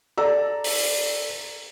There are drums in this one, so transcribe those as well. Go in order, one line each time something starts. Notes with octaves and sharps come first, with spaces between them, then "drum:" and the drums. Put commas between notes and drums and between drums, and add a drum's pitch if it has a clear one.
A4 D5 A#5 E6
drum: open hi-hat